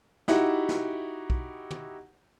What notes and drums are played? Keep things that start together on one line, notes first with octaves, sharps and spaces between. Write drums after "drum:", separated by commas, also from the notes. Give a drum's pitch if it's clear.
D#4 E4 F#4 G4 E5 F#5, drum: snare
drum: snare
drum: kick B1
drum: tom